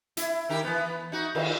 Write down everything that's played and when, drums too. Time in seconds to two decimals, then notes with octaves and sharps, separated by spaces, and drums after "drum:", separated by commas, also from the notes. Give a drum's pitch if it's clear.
0.17 E4, drum: hi-hat
0.49 D#3 G4 A#4
0.64 E3 B3
1.12 D#4 F#4
1.35 D#3, drum: cymbal